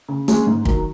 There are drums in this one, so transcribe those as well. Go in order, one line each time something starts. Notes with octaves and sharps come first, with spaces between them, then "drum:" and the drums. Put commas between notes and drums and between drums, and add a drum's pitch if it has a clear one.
C#3
G#3 C#4 G#4, drum: hi-hat
G#2
D#3 F#3, drum: kick